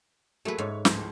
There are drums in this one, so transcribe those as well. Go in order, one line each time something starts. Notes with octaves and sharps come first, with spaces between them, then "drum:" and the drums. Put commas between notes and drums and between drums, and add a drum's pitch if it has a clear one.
F#3 A3 A#3 G#4 B4
G#2 C#5
C#2 A2 F3, drum: snare